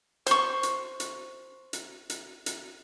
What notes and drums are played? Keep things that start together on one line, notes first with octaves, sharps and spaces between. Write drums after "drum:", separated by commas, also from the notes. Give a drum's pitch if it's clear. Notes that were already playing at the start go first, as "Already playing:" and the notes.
C5 C#6, drum: hi-hat
drum: hi-hat
drum: hi-hat
drum: hi-hat
drum: hi-hat
drum: hi-hat